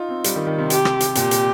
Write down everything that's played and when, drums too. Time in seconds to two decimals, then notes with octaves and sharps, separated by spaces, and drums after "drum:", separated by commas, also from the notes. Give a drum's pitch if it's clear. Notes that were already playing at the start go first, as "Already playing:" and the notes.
Already playing: D#4 F4
0.09 C4
0.24 G3, drum: hi-hat
0.36 D#3
0.47 D#3
0.58 C3
0.70 G4, drum: hi-hat
0.85 drum: rim click
1.00 drum: hi-hat
1.15 A#2 G4, drum: hi-hat
1.31 drum: hi-hat